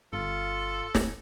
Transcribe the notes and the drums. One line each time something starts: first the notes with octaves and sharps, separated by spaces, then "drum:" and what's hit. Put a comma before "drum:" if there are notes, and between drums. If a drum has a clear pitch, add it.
G1 F4 A4
drum: snare